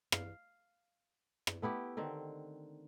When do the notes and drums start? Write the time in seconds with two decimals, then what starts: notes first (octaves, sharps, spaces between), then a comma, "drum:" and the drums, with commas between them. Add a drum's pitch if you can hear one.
0.12 F5, drum: rim click
1.47 drum: rim click
1.62 A3 B3 E4 G4
1.97 D3 D#3 C4